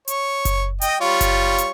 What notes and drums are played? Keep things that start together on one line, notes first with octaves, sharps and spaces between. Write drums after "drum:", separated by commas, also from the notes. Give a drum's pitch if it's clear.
C#5, drum: hi-hat
drum: kick F#1, hi-hat
D#5 G5, drum: hi-hat
G3 F4 C#5
drum: kick F#1, hi-hat
drum: hi-hat